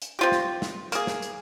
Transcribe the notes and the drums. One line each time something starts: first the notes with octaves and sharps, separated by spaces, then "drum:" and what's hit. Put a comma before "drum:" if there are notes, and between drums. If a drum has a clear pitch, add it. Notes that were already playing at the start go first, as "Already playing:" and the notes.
drum: hi-hat
C4 F4 G4
drum: snare
drum: snare
A#3 G#4, drum: hi-hat
drum: snare
drum: hi-hat